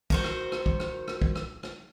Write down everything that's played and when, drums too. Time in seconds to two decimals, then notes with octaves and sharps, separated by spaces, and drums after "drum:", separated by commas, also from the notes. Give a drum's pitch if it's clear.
0.10 D#3 F#4 C5, drum: kick
0.24 drum: rim click
0.52 drum: rim click
0.66 drum: kick
0.80 drum: rim click
1.08 drum: rim click
1.22 drum: kick
1.35 drum: rim click
1.63 drum: rim click